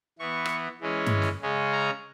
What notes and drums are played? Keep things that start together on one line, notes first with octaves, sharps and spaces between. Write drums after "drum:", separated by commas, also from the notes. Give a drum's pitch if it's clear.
E3 B3 C#6
drum: rim click
E3 G#3 C#4
drum: tom G2
drum: snare
C#3 G#3 C#4
A#5